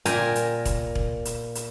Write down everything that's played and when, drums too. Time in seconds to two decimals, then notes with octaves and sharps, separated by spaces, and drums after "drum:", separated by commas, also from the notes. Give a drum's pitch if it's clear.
0.05 A#2 A#4 G5 G#5 A#5, drum: hi-hat
0.35 drum: hi-hat
0.65 drum: kick E1, hi-hat
0.95 drum: kick E1
1.25 drum: hi-hat
1.55 drum: hi-hat